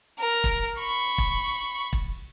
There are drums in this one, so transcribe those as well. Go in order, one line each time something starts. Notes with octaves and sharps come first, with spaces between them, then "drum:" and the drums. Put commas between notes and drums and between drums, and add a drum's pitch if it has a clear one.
A#4
drum: kick
B5 C#6
drum: kick
drum: kick